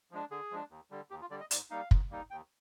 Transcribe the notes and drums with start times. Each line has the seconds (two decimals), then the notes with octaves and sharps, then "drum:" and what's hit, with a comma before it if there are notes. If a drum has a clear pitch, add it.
0.11 F3 G#3 D4
0.30 D3 G#4
0.51 F3 G#3 D4
0.70 D#2
0.91 D3 G3
1.11 D#2 G4
1.21 F4
1.30 D3 G3 D5
1.40 D#5
1.51 G#2 D5, drum: hi-hat
1.70 G3 A#3 D#4 F5
1.91 G#2, drum: kick
2.11 G3 A#3 D#4
2.30 D#2 G5